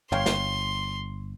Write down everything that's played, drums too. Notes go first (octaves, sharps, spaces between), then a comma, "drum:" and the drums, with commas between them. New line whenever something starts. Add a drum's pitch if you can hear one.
G1 C#5 F5 G5 C6, drum: tom
drum: snare